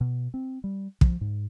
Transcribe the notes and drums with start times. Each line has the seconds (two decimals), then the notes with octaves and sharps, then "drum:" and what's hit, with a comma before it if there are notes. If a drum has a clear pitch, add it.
0.01 B2
0.34 C4
0.64 G3
1.01 F3, drum: kick
1.21 G#2